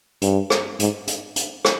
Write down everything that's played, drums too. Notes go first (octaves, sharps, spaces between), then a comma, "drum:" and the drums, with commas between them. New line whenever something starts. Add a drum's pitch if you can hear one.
G2, drum: hi-hat
drum: rim click
G#2, drum: hi-hat
drum: hi-hat
drum: hi-hat
drum: rim click